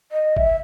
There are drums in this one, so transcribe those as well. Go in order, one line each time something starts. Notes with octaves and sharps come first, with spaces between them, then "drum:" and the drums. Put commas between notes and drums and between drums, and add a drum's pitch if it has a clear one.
D#5
E5, drum: kick G1